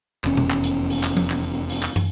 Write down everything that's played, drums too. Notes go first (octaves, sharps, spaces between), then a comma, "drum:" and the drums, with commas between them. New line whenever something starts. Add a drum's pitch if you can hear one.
F1 E2 B2 C#4, drum: clap
drum: tom B2
drum: clap
drum: hi-hat
drum: open hi-hat
drum: clap
drum: tom F3
drum: clap
drum: open hi-hat
drum: clap
drum: tom